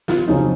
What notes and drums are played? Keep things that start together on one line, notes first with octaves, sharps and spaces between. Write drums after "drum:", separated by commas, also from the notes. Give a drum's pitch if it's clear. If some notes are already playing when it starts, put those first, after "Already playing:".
F4, drum: snare
F2 C#3 F#3 C4 D#4